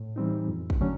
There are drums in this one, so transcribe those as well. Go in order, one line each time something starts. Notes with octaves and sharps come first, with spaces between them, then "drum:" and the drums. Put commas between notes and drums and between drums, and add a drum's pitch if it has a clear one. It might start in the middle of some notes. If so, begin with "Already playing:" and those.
Already playing: A2
E3 G3 C4 D#4
F2
drum: kick
D3 F#3 A3 C#4